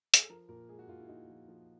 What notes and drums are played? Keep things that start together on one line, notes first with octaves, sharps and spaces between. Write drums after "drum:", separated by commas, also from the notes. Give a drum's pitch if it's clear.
G#4, drum: hi-hat
A4
F3 A#4
A#2 A#4
G#3 G#4
F#4
A#2 F4
E4
A#2 D#4
F3
F3